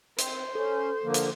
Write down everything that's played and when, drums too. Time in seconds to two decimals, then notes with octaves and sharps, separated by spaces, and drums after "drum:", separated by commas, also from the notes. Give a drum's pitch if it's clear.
0.18 C4 C5, drum: hi-hat
0.55 C#4 A4
1.03 D3 F3 A#3
1.14 drum: hi-hat